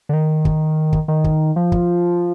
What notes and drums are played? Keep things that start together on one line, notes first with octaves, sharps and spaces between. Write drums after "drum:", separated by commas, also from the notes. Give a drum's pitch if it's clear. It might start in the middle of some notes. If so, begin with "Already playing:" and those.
D3
D#3
drum: kick
drum: kick
D#3
drum: kick
F3
drum: kick